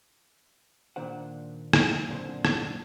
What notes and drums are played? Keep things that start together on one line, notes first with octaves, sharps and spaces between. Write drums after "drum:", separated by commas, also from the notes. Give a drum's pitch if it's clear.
A#2 D#3 D4 C5 F#5
drum: rim click
F#2 A#2 D3 C4 C5
drum: rim click